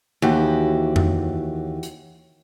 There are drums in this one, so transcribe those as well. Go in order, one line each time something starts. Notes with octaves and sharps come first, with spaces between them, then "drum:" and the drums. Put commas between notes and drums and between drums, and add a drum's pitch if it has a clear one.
D#2 E3 F#4 G4
drum: tom F2
drum: hi-hat